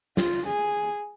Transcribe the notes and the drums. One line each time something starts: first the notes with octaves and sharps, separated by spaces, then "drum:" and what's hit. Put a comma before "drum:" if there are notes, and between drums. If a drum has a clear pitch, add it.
F4, drum: snare
G#4